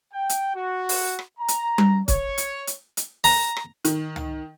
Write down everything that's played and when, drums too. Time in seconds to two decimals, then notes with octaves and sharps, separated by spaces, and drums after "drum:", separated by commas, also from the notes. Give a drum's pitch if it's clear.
0.14 G5
0.29 drum: hi-hat
0.55 F#4
0.89 drum: open hi-hat
1.19 drum: rim click
1.39 A#5
1.48 drum: hi-hat
1.78 drum: tom G3
2.08 C#5, drum: kick, hi-hat
2.38 drum: hi-hat
2.67 drum: hi-hat
2.97 drum: hi-hat
3.24 A#5, drum: open hi-hat
3.57 drum: rim click
3.85 D#3, drum: hi-hat
4.16 drum: tom